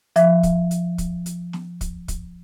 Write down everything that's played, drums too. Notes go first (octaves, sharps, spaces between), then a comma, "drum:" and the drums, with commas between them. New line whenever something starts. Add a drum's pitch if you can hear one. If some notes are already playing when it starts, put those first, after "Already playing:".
F3 E5, drum: hi-hat
drum: kick, hi-hat
drum: hi-hat
drum: kick, hi-hat
drum: hi-hat
drum: snare
drum: kick, hi-hat
drum: kick, hi-hat